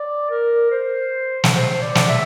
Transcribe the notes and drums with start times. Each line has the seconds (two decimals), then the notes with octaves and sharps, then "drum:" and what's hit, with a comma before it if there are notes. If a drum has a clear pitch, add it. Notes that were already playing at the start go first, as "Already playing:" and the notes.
Already playing: D5
0.30 A#4
0.71 C5
1.44 drum: snare
1.54 C5
1.82 D5
1.95 drum: snare
2.09 E5